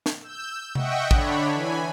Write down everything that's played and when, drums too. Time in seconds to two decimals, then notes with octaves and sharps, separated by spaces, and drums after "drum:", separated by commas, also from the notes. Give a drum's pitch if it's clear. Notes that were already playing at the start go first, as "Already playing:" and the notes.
0.06 drum: snare
0.21 E6 G6
0.75 D#5 E5 F#5 G5 C#6, drum: tom C3
1.11 D3 D4 C#5 B5, drum: kick
1.53 E3 G#5 B5